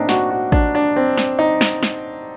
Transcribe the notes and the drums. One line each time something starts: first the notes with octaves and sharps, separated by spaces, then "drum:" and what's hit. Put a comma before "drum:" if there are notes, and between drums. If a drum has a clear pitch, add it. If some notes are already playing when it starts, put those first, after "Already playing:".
Already playing: A2 A#3 C4 D4 D#4
F#4, drum: snare
F#4
D4, drum: kick A1
D4
C4
drum: snare
D#4
drum: snare
drum: snare